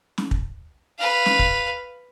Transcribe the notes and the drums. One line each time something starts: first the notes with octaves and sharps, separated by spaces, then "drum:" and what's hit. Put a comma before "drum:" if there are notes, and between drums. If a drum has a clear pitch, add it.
drum: snare
drum: kick
B4 F5
drum: snare
drum: kick